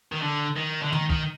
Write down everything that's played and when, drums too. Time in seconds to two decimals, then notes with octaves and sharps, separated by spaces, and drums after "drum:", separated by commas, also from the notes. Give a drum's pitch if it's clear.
0.12 D#3
0.22 D3
0.57 D#3
0.83 D3
0.92 D#3, drum: tom
1.10 D#3, drum: kick